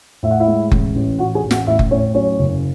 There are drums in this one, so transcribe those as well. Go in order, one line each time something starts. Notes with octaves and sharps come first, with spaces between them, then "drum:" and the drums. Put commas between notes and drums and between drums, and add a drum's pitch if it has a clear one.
A2 E5
F#5
E4 E5
G#3
A1, drum: kick F#1
A1
A1 F#4 F#5
G#4 G#5
A1
F#4 F#5, drum: snare
A2 E4 E5
drum: kick F#1
A2 C#4 C#5
F#3 C#4 C#5
F#1